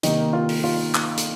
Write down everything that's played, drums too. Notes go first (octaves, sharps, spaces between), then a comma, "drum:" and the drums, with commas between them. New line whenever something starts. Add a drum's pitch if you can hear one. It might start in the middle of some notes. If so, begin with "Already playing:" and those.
C3 D#3 A#3 D#4, drum: hi-hat
F4
drum: open hi-hat
F4
drum: clap
drum: hi-hat